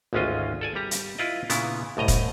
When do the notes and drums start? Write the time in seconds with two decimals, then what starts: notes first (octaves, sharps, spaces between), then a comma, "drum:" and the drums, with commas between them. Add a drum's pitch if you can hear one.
0.13 G#1 D2 G#3 C#4 F4 D#5
0.61 A4 D5 G#5
0.75 G3 G4 A#5
0.91 drum: hi-hat
1.19 E4 F4 B4 D5 D#5
1.50 A#2 C#3 B3 D4 E4, drum: hi-hat
1.97 C2 A2 D#5 A#5
2.08 drum: kick E1, hi-hat